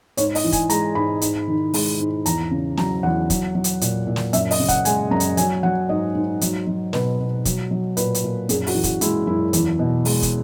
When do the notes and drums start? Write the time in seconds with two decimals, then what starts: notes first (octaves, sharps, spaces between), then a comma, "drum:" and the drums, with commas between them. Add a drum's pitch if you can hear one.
0.17 G#2 C#5, drum: hi-hat
0.35 D#5, drum: open hi-hat
0.44 E3
0.52 G#5, drum: kick, hi-hat
0.70 G#3 A#5, drum: hi-hat
0.95 G#2 B5
1.21 G#2, drum: hi-hat
1.48 D#3
1.74 G#3, drum: open hi-hat
2.00 G#2
2.26 E2 A#5, drum: hi-hat
2.51 C#3
2.77 F#3 A#5, drum: snare
3.03 E2 F#5
3.30 F#3, drum: kick, hi-hat
3.55 F#3
3.64 drum: hi-hat
3.81 A#2, drum: hi-hat
4.07 A#2
4.16 drum: snare
4.33 F#2 E5, drum: hi-hat
4.51 D#5, drum: open hi-hat
4.59 C#3
4.69 F#5, drum: kick, hi-hat
4.85 G#3 G#5, drum: hi-hat
5.11 F#2 A#5
5.20 drum: hi-hat
5.37 F#3 G#5, drum: hi-hat
5.63 F#3 F#5
5.89 G#2 D#5
6.15 G#2
6.41 F#3, drum: hi-hat
6.67 F#3
6.93 B2 B4, drum: snare
7.19 B2
7.45 F#3, drum: kick, hi-hat
7.71 F#3
7.97 A#2 B4, drum: hi-hat
8.15 drum: hi-hat
8.24 A#2
8.49 F#2 G#4, drum: hi-hat
8.67 F#4, drum: open hi-hat
8.75 E3
8.84 F#4, drum: kick, hi-hat
9.01 G#3 E4, drum: hi-hat
9.27 F#2 E4
9.53 E2, drum: hi-hat
9.79 B2
10.05 G#3, drum: open hi-hat
10.22 drum: kick, hi-hat